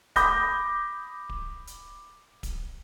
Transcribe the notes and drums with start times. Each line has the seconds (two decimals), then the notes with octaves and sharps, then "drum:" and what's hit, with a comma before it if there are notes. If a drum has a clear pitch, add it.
0.16 B5 D6 D#6 G6 A#6, drum: kick D1, hi-hat
1.29 drum: kick D1
1.67 drum: hi-hat
2.43 drum: kick D1, hi-hat